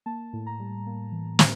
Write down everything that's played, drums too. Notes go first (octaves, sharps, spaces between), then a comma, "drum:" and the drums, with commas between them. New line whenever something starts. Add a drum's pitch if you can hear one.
A#3 A5
A2
A#5
G3
A#3
E3
A2, drum: snare